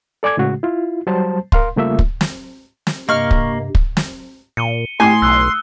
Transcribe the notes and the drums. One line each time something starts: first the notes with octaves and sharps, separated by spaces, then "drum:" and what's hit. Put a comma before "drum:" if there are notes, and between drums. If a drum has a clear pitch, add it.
A4 D5 G#5 D6 G#6
A2 C#3 G#3 F#4
E4 F4
F#3 G3 C5 A5
A#4 F5 C6, drum: kick
C#3 G3 A3 A#3 F4 E5
drum: kick
drum: snare
drum: snare
G2 C3 A#3 D#5 C#6 F6
drum: kick
drum: kick
drum: snare
A#2 C#7 D#7 G7
A2 G4 G#5 C6 D#6
B1 E6 F#6 G7